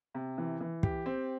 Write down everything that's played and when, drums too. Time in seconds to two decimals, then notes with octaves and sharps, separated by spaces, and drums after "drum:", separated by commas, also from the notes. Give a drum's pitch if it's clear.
0.14 C3
0.38 E3
0.60 E3
0.83 G4, drum: kick
1.06 C4